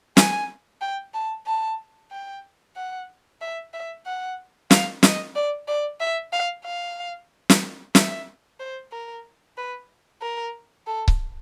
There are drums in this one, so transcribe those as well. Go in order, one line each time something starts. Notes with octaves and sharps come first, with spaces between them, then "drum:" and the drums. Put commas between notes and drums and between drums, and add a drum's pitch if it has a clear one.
G#5, drum: snare
G5
A5
A5
G5
F#5
E5
E5
F#5
F5, drum: snare
D#5, drum: snare
D5
D5
E5
F5
F5
drum: snare
E5, drum: snare
C5
A#4
B4
A#4
A4
drum: kick C#1